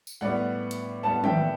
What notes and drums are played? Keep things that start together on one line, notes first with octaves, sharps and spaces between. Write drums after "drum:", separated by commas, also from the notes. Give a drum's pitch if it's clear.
drum: tambourine
A2 G3 B3 D5 F#5
drum: hi-hat
A2 G3 B3 F#5 A5
E5 G5, drum: tom D#3